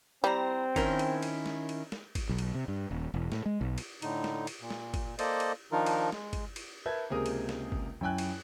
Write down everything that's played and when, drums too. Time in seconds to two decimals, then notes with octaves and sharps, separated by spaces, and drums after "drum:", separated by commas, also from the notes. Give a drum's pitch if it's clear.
0.24 G3 C4 E4 C5 A#5
0.76 D#3 C#4 E4 A#4 G5 C6, drum: kick, cymbal
0.99 drum: cymbal
1.23 drum: cymbal
1.46 drum: snare
1.69 drum: cymbal
1.92 drum: snare
2.15 drum: kick, cymbal
2.29 B1
2.38 drum: cymbal
2.55 C3
2.68 G2
2.91 D#1
3.14 E1
3.32 A2, drum: snare
3.46 G#3
3.61 B1
3.78 drum: cymbal
4.02 A2 D3 D#4, drum: cymbal
4.24 drum: snare
4.47 drum: cymbal
4.61 A#2
4.70 drum: snare
4.94 drum: kick, cymbal
5.19 A#3 A4 C5 D5 D#5, drum: cymbal
5.40 drum: cymbal
5.72 D#3 F3 D4 D#4 F4 A#4
5.86 drum: cymbal
6.12 G#3, drum: snare
6.33 drum: kick, cymbal
6.56 drum: cymbal
6.86 A#4 B4 E5 A5 G6 G#6
7.10 C#2 C3 A#3 G#4 A#4 D#6
7.26 drum: cymbal
7.49 drum: snare
7.72 drum: kick
8.01 F#2 E4 G5 G#5 F#6
8.18 drum: cymbal